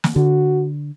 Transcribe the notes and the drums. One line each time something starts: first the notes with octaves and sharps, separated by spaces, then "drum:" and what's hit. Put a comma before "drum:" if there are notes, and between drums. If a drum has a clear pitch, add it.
drum: snare
D3 F#4